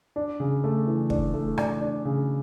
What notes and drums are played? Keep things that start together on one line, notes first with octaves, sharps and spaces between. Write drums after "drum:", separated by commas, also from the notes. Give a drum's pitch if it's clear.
D4
C#3
A3
E3
D4, drum: kick
A3
D4, drum: rim click
D4
C#3